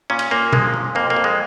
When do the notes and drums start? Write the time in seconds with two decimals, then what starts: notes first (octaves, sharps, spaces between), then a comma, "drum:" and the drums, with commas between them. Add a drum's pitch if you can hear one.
0.10 A#2 C#4
0.19 drum: cymbal
0.31 A#2 A#3
0.53 F3 G#3, drum: tom B2
0.74 A#2
0.95 F2 A#3
1.10 A#3
1.17 F2
1.24 G#3